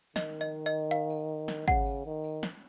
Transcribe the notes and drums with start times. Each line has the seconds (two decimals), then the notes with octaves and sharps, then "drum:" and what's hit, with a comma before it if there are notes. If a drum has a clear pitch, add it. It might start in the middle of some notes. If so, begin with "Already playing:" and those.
0.16 D#3 D#5, drum: snare
0.41 D#5
0.66 D#5
0.91 F5
1.10 drum: tambourine
1.48 drum: snare
1.68 C#3 F#5, drum: kick
1.86 drum: tambourine
2.06 D#3
2.24 drum: tambourine
2.43 drum: snare